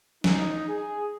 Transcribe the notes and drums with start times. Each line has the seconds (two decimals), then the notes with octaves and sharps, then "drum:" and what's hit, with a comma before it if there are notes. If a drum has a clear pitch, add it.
0.24 D#4, drum: snare
0.68 G#4